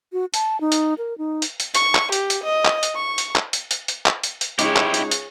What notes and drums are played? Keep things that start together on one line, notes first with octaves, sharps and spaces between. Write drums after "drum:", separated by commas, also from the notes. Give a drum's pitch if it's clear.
F#4
A5, drum: hi-hat
D#4
drum: hi-hat
A#4
D#4
drum: hi-hat
drum: hi-hat
C#6, drum: hi-hat
drum: clap
G4, drum: hi-hat
drum: hi-hat
D#5
drum: clap
drum: hi-hat
C#6
drum: hi-hat
drum: clap
drum: hi-hat
drum: hi-hat
drum: hi-hat
drum: clap
drum: hi-hat
drum: hi-hat
C#2 D#4 E4 G4 G#4 C#5, drum: hi-hat
drum: clap
drum: hi-hat
drum: hi-hat